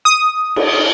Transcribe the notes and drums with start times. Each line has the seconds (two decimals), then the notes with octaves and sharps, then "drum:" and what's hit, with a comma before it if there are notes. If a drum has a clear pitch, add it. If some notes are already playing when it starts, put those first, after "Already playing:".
0.05 D#6
0.56 drum: cymbal